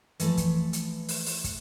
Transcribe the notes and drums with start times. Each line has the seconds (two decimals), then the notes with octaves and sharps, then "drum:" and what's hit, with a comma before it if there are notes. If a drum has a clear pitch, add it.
0.20 E3 F3 A3, drum: hi-hat
0.37 drum: kick, hi-hat
0.73 drum: hi-hat
1.09 drum: open hi-hat
1.26 drum: open hi-hat
1.44 drum: kick, hi-hat